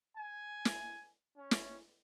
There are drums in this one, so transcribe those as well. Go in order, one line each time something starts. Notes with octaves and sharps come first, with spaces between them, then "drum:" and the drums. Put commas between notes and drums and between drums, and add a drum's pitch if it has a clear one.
G#5
drum: snare
C#4
drum: snare